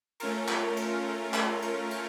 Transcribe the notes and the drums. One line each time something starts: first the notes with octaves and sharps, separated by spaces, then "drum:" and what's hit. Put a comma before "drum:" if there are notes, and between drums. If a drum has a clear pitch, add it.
A3 C#4 F4 A#4, drum: cymbal
drum: clap
drum: cymbal
drum: clap
drum: cymbal
drum: cymbal